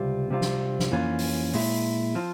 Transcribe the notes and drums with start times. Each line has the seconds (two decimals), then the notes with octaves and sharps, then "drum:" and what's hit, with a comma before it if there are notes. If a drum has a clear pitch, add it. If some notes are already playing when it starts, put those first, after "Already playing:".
Already playing: C#2 C3 G3 C4 F4
0.30 C3 G3 C4 F4
0.41 drum: snare
0.79 drum: snare
0.91 F2 E3 A#3 C#4 F4
1.19 drum: open hi-hat
1.53 A#2 G#3 E4, drum: open hi-hat
2.15 F3 C4 F4